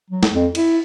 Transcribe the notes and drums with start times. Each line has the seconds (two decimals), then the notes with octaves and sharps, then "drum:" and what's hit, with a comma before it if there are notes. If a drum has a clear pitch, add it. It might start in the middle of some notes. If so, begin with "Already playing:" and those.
0.10 F#3
0.23 drum: snare
0.34 F2
0.55 E4, drum: cymbal